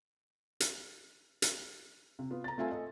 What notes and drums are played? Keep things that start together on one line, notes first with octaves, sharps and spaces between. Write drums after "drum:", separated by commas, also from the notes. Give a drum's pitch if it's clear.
drum: hi-hat
drum: hi-hat
C3
B3 F4
A#5 A6
A3 C4 F4 E5 F5 G#5
A4 D#5